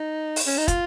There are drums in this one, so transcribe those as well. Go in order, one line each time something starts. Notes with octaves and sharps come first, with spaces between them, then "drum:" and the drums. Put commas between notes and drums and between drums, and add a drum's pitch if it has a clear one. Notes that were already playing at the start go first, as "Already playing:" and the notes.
Already playing: D#4
drum: open hi-hat
C#4
D#4
F4, drum: kick, hi-hat